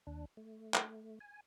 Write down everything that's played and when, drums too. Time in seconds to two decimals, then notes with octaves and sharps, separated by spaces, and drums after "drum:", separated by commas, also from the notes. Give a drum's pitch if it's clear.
0.07 D#2 D4
0.37 A3
0.74 drum: clap
1.20 G#5